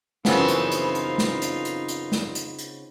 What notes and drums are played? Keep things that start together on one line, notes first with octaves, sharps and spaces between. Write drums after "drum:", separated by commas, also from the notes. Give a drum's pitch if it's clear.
F#2 C#3 E3 F3 B3 C4 D#4 F4, drum: snare
drum: hi-hat
drum: hi-hat
drum: hi-hat
drum: snare
drum: hi-hat
drum: hi-hat
drum: hi-hat
drum: snare
drum: hi-hat
drum: hi-hat